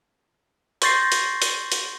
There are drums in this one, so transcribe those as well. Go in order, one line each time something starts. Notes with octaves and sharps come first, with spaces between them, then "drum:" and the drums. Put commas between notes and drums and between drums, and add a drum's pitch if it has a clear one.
C6 C#6 G6 A6 A#6 C7, drum: hi-hat
drum: hi-hat
drum: hi-hat
drum: hi-hat